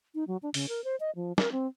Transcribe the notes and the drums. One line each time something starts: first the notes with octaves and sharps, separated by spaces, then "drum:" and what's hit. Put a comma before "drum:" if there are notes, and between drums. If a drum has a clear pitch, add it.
D#4
F#3
D4
C#3, drum: open hi-hat
A#4
C5
D#5
F3
A#4, drum: snare
C4